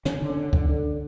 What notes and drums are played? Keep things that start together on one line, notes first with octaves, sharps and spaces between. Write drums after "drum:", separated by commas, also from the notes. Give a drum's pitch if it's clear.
D3 C#4, drum: snare
D3
C#4
D3
D3, drum: kick C#2
D3